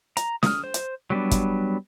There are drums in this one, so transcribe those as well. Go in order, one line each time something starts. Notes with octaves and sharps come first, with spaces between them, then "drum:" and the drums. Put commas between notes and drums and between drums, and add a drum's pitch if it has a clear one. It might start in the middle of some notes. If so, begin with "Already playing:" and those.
A#5, drum: hi-hat
D#6 F6, drum: snare
C5
drum: hi-hat
F#3 G3 B3 D4
drum: kick, hi-hat